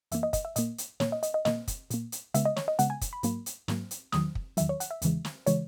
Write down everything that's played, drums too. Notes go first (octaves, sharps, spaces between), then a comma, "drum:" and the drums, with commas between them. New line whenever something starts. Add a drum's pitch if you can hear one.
F#2 E3 A#3 E5, drum: hi-hat
D#5
D#5, drum: kick, hi-hat
E5
A#2 A#3 D#5, drum: hi-hat
drum: hi-hat
A#2 A#3 C#5, drum: snare
D#5
D#5, drum: hi-hat
D#5
A#2 A#3 D#5, drum: snare
drum: kick, hi-hat
A#2 A#3, drum: hi-hat
drum: hi-hat
C#3 G#3 B3 E5, drum: hi-hat
D#5
C#5, drum: snare
D#5
C#3 G#3 B3 F#5, drum: hi-hat
G#5
drum: kick, hi-hat
B5
G#2 F#3 A#3, drum: hi-hat
drum: hi-hat
G#2 F#3 A#3, drum: snare
drum: hi-hat
E2 D#3 F#3 D#6, drum: snare
drum: kick
E2 D#3 F#3 E5, drum: hi-hat
C#5
F#5, drum: hi-hat
E5
E2 C#3 E3 G#3, drum: hi-hat
drum: snare
C#3 E3 G#3 C#5, drum: hi-hat